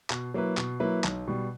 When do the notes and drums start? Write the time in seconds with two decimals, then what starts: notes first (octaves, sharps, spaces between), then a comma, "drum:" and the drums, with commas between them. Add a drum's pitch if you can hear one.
0.10 B2, drum: clap
0.34 F#3 A#3 E4 B4
0.57 B2, drum: clap
0.80 F#3 A#3 E4 B4
1.04 B1, drum: clap
1.27 B2 G3